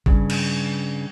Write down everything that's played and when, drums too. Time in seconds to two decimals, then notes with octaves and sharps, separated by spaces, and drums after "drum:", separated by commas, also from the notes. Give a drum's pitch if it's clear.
0.06 G2 C#3, drum: kick
0.30 drum: cymbal